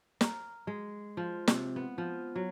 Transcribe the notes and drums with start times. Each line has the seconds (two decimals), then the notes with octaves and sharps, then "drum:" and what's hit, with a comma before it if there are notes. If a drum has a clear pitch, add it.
0.21 A#4, drum: snare
0.67 G#3
1.17 F3
1.48 C3, drum: snare
1.76 B3
1.98 F3
2.36 F#3